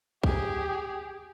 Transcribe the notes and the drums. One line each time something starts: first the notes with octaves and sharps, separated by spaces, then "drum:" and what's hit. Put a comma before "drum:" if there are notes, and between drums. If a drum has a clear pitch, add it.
G4 G#4, drum: kick